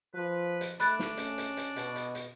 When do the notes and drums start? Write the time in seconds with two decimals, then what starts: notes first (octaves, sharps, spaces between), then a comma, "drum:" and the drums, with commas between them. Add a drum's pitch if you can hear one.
0.15 F3 B4
0.61 drum: hi-hat
0.80 A3 D4 B5 F#6 A6, drum: hi-hat
0.99 drum: snare
1.17 C#4, drum: hi-hat
1.38 drum: hi-hat
1.57 drum: hi-hat
1.76 B2, drum: hi-hat
1.96 drum: hi-hat
2.15 drum: hi-hat